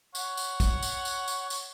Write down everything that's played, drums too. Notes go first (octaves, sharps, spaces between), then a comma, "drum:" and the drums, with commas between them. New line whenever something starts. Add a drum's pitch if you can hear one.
C#5 F#5, drum: tambourine
drum: tambourine
drum: kick, tambourine
drum: tambourine
drum: tambourine
drum: tambourine
drum: tambourine